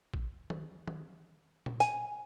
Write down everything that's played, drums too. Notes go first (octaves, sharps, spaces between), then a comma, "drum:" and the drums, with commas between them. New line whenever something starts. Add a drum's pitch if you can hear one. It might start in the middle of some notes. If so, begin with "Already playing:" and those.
drum: kick
drum: tom D#3
drum: tom D#3
drum: tom A#2
G#5, drum: hi-hat